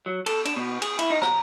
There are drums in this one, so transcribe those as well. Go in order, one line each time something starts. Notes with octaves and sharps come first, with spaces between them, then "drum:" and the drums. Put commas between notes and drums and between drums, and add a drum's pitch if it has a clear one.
F#3
A4, drum: cymbal
D4, drum: cymbal
B2
G#4, drum: cymbal
E4, drum: cymbal
D#4
A#5, drum: rim click